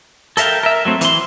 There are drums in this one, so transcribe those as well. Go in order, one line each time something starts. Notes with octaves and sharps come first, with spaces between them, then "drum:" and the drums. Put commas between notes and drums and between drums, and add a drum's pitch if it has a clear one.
A4 A#4 E5 F5 G5, drum: hi-hat
A#4 E5
F#3 A3 C4
E3 C6, drum: hi-hat